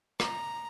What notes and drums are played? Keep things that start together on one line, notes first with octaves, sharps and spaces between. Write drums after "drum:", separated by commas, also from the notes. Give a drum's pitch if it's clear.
A#5, drum: rim click